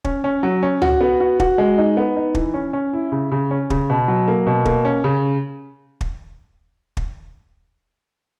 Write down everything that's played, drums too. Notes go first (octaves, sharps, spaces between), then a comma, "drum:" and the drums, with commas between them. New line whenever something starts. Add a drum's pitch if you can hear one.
C#4, drum: kick
C#4
F#3
C#4
F#4, drum: tom
B3
F#4
F#4, drum: kick
G#3
D#4
B3
D#4
E3, drum: kick
C#4
C#4
E4
C#3
C#3
C#4
C#3, drum: kick
B2
F#3
A#3
B2
A#3, drum: kick
C#4
C#3
drum: kick
drum: kick